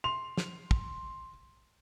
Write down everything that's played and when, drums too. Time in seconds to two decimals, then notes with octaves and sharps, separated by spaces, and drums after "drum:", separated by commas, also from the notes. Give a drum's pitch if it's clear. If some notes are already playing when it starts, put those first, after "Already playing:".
0.04 C6 F7
0.37 drum: snare
0.71 drum: kick